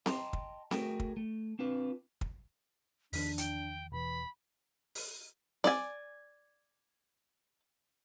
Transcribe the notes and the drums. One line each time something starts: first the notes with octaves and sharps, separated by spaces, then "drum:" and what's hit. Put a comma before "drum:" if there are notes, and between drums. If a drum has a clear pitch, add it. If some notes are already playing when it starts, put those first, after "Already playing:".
D#5 G5 A5 A#5 C6, drum: snare C4
drum: kick
A3 F#4 G#4 A#4 G5, drum: snare C4
drum: kick
A3
C4 D4 F4 B4
drum: kick
E2 D#3 F3 D4 B6, drum: open hi-hat
G5, drum: hi-hat
E1 E3 B5
drum: open hi-hat
D5 G#5, drum: snare C4